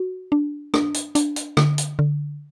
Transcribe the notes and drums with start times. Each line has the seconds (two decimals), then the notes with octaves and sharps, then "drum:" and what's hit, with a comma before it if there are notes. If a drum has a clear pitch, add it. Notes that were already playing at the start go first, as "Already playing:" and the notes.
Already playing: F#4
0.32 D4
0.74 D4, drum: rim click
0.94 drum: hi-hat
1.15 D4, drum: hi-hat
1.36 drum: hi-hat
1.57 D3, drum: rim click
1.78 drum: hi-hat
1.99 D3